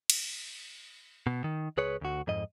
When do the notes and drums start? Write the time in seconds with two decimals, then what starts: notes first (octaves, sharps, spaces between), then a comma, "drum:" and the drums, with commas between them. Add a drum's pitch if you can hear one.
0.10 drum: cymbal
1.27 B2
1.44 D#3
1.77 C#2 G#4 B4 C#5
2.01 D2 F#4
2.27 F2 G#2 D#5